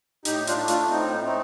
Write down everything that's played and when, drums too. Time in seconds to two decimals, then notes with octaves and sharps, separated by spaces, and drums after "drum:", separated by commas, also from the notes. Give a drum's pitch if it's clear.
0.25 A2 D#4 G4, drum: hi-hat
0.47 D4 F4, drum: hi-hat
0.58 A3
0.68 D4 F4, drum: hi-hat
0.90 A2 C4 D#4
1.23 A3 C4 D#4